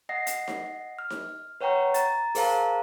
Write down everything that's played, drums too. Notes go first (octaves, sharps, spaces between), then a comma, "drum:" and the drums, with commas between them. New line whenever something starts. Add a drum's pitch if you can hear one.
D#5 F#5 A#6 C7
drum: hi-hat
drum: snare D#4
F6
drum: snare D#4
B4 C#5 F#5 G5 A#5 C#6
A#5 A6, drum: hi-hat
G#4 A#4 C5 F5 A5 A#5, drum: open hi-hat